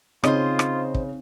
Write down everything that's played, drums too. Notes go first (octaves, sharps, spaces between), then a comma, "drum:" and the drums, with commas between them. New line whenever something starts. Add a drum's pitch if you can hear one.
C#3 C4 D#4 F4 C5 D#5, drum: rim click
drum: rim click
drum: kick